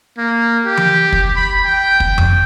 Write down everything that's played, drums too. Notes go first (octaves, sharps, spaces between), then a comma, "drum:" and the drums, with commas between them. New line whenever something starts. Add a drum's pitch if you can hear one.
A#3
G4
drum: tom E3
drum: kick
B5
G5
drum: kick
drum: tom F2